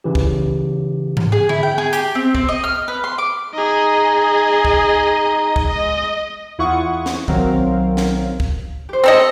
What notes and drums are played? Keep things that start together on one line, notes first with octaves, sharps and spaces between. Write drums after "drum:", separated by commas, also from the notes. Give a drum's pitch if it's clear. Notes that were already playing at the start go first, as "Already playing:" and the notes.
C#3 E3 G4
drum: kick
drum: tom G#2
G#4
E4, drum: tom D3
G5
G#4
G4, drum: hi-hat
C4
C4, drum: kick
D#5
F6
B4
C6
D6
D#4 G#4 D#5
drum: kick
drum: kick
G#3 D#5
E2 E4 F4 F#5 C#6 D#6
drum: snare
B1 D#3 F#3 C4 A#4 F5, drum: kick
drum: snare
drum: kick
G4 C5
C4 A4 D#5 E6